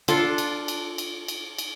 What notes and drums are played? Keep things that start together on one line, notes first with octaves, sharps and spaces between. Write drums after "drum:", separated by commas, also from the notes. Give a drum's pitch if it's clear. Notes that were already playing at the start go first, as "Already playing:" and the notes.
D4 F4 A4, drum: cymbal
drum: cymbal
drum: cymbal
drum: cymbal
drum: cymbal
drum: cymbal